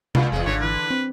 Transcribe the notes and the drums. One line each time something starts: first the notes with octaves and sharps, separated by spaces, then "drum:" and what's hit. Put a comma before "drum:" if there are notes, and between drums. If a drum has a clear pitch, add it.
C#2 A#2 F4, drum: tom C3
F1 E2 G#3
G#1 D3 C#5
E3 B4
C4